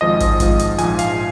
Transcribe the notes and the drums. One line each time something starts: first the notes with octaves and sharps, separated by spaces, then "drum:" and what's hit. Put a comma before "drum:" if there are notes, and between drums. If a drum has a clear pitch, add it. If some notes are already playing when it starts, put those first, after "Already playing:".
G#1 G#2 F3 D#5
drum: kick, hi-hat
G#1 G#2 F3, drum: kick, hi-hat
drum: hi-hat
A#1 G#2 F3 G#5, drum: hi-hat
F5, drum: hi-hat